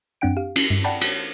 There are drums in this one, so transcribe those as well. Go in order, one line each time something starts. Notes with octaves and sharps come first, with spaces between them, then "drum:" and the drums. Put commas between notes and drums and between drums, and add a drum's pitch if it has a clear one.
F#2 C4 D4 F#5 G5 D7
G4 F5
C#4, drum: cymbal
G2
D5 F#5 G5 A5 B5
drum: cymbal